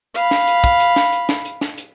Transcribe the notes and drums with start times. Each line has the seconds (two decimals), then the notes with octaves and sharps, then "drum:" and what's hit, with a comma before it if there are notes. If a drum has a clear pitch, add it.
0.15 F5 B5, drum: hi-hat
0.31 drum: snare
0.47 drum: hi-hat
0.64 drum: kick, hi-hat
0.80 drum: hi-hat
0.96 drum: snare
1.13 drum: hi-hat
1.29 drum: snare
1.45 drum: hi-hat
1.61 drum: snare
1.78 drum: hi-hat